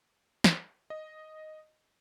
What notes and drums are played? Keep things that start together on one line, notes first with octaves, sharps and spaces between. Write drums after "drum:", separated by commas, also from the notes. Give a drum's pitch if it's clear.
drum: snare
D#5